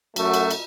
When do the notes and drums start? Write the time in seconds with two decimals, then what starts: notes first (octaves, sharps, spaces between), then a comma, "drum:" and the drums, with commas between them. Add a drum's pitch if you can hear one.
0.16 F#2 F#3 A3, drum: cymbal
0.34 drum: cymbal
0.51 drum: cymbal